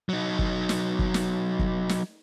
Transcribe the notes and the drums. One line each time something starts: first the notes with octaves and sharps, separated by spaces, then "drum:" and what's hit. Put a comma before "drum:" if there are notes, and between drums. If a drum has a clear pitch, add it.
F#3 D#4
drum: kick
drum: snare
drum: kick
drum: snare
drum: kick
drum: snare